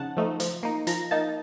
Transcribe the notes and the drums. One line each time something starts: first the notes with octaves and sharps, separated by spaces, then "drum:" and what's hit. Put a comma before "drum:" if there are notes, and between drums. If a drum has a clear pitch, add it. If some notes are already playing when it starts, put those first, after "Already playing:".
Already playing: C#3 F3 D#4 F#5 A5
F3 A3 D#4
F3, drum: hi-hat
A#3 D#4
F3 A#5, drum: hi-hat
A#3 D#4 A5